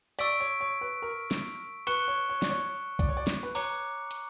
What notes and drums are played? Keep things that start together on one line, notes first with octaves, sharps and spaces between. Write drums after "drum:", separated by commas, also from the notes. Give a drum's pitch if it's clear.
D5 C#6 E6 B6 D7, drum: open hi-hat
C#5
C#5
B4
A#4
drum: snare
B4 C#6 F#6 C#7 E7 G7, drum: hi-hat
C#5
C#5
D5, drum: snare
C#5
D5, drum: kick, hi-hat
C#5
D5
drum: snare
B4
C#5 A#5 D6 F#6 C#7, drum: open hi-hat
drum: hi-hat